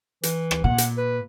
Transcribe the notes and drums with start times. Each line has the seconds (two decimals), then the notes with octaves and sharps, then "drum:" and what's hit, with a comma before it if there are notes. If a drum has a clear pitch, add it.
0.23 E3, drum: hi-hat
0.51 drum: rim click
0.64 A#2 F#5
0.78 drum: hi-hat
0.98 B4